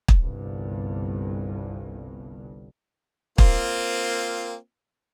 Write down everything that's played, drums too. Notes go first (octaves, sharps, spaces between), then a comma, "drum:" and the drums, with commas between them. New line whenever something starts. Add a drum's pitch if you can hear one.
drum: kick
G1 C2 G2
A#3 C4 F4, drum: kick